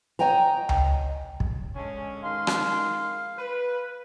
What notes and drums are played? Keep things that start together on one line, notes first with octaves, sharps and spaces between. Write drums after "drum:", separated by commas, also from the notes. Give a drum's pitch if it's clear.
C#5 D#5 G5 G#5 A#5
drum: tom C#2
drum: kick
D3 G#3 C#4
D#3 G#3 F5 C6
drum: rim click
B4